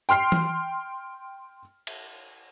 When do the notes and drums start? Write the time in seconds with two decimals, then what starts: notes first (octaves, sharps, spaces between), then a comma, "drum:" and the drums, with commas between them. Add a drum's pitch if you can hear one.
0.09 G5 C6 F6 C7, drum: tambourine
0.32 drum: tom E3
1.87 drum: cymbal